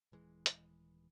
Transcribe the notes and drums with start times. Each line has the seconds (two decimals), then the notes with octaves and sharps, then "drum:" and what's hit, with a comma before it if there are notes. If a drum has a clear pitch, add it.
0.12 D#1 E3 G#3
0.46 drum: hi-hat